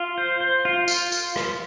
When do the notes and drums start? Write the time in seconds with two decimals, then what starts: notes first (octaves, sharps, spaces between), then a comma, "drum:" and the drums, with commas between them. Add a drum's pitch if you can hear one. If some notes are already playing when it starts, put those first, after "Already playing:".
Already playing: F4
0.18 C5
0.41 C5
0.65 F4
0.88 F4, drum: tambourine
1.12 drum: tambourine
1.36 drum: rim click